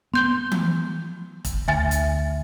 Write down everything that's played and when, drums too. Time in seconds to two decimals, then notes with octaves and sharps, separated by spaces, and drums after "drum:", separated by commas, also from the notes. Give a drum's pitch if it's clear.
0.14 B3 C6 G6 G7
0.52 drum: tom E3
1.45 drum: kick E1, hi-hat
1.68 D2 E5 G#5 A6
1.91 drum: hi-hat